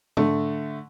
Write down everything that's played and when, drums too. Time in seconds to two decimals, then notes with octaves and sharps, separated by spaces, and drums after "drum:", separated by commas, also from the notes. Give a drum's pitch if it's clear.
0.17 D3 A3, drum: tom